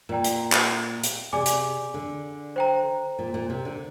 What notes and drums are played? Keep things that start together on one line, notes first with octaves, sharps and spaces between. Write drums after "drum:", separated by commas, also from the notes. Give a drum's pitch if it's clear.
A#2 A#4 D5 G5 A#5
drum: hi-hat
drum: clap
drum: hi-hat
C3 G#4 D5 G#5 D6
drum: hi-hat
D3
C5 G5 A#5
A#2
A#2
C3
D3